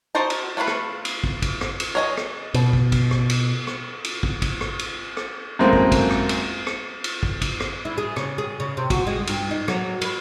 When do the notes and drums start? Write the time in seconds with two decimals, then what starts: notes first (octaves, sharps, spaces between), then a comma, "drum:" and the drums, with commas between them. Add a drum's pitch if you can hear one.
0.15 D#4 F#4 C5 G5 A5
0.30 drum: cymbal
0.57 A3 D4 E4 F4 B4
0.67 drum: rim click
1.05 drum: cymbal
1.24 drum: kick
1.42 drum: kick, cymbal
1.61 drum: rim click
1.80 drum: cymbal
1.95 C#5 D#5 G#5
2.17 drum: rim click
2.54 B2, drum: cymbal
2.73 drum: kick
2.92 drum: kick, cymbal
3.11 drum: rim click
3.30 drum: cymbal
3.67 drum: rim click
4.04 drum: cymbal
4.23 drum: kick
4.42 drum: kick, cymbal
4.61 drum: rim click
4.79 drum: cymbal
5.17 drum: rim click
5.59 F#2 A2 G#3 A#3 C4
5.73 drum: kick
5.92 drum: kick, cymbal
6.10 drum: rim click
6.29 drum: cymbal
6.67 drum: rim click
7.04 drum: cymbal
7.23 drum: kick
7.41 drum: kick, cymbal
7.60 drum: rim click
7.85 E4
7.98 G#4
8.16 C#3, drum: rim click
8.38 G#4
8.60 C#3
8.77 C3
8.90 F#4, drum: kick, cymbal
9.07 G#3
9.27 G2, drum: cymbal
9.51 D#4
9.68 F#3, drum: rim click
10.01 B4, drum: cymbal